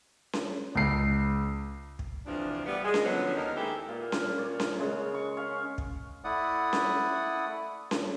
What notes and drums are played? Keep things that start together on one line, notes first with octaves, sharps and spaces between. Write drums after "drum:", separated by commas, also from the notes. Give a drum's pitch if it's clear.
drum: snare C#4
C#2 C7
drum: kick
D2 C3 E3 F3 D4
G3 B3 D5
G#3
drum: snare C#4
D3 F3 F#3 B3
D#2 D#4 A#4
D#3 G#3 E4 G4 A4 B4
A#2 F5
drum: snare C#4
C#5 D5
drum: snare C#4
C#3 G#3
C#6
C#4 F5
drum: kick
A3 E4 D5 F#5 D#6
drum: snare C#4
drum: snare C#4